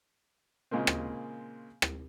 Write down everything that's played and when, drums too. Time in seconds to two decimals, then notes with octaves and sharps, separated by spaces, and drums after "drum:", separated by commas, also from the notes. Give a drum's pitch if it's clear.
0.71 A#2 C#3 G#3 A#3 C4
0.87 drum: rim click
1.82 drum: rim click